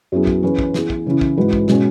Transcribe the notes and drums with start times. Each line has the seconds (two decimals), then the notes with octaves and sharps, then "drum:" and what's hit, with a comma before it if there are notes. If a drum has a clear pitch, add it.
0.12 F#2 F#3 B3 E4 G#4
0.27 drum: kick
0.43 E3 C#4 G#4 B4
0.59 drum: kick
0.74 E3 B3 G#4, drum: snare
0.90 drum: kick
1.06 C#3 E3 C#4 E4
1.21 drum: kick
1.37 G#2 E3 C#4 F#4 B4
1.53 drum: kick
1.68 B2 G#3 C#4 F#4, drum: snare